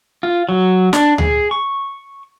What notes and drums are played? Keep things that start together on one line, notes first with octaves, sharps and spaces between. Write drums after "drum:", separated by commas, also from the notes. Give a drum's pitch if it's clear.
F4
F#3
D4, drum: snare
G#4, drum: tom D2
C#6